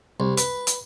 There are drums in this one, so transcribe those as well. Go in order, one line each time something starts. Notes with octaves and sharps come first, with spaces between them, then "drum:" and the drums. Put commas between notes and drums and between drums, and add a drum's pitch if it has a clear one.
C2
B4, drum: hi-hat
drum: hi-hat